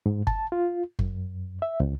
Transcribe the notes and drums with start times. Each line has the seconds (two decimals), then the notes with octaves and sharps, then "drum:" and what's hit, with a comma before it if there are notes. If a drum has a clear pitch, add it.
0.06 G#2
0.27 A5, drum: kick G1
0.52 F4
0.99 F#2, drum: kick G1
1.62 E5
1.80 C#2